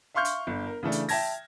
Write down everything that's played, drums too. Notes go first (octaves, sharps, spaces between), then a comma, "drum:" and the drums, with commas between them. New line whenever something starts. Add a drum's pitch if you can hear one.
E5 F5 C6 C#6 F6 G6
drum: hi-hat
G1
A#4
C#3 E3 A3 D4
drum: hi-hat
E5 G5 A5 G#6 A#6, drum: open hi-hat